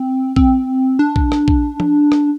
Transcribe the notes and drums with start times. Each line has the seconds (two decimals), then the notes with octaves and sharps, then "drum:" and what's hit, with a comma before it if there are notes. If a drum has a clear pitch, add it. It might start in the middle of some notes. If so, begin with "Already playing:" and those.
Already playing: C4
0.36 C4, drum: kick
0.99 D4
1.16 drum: kick
1.32 drum: rim click
1.48 drum: kick
1.80 drum: tom F3
2.12 drum: rim click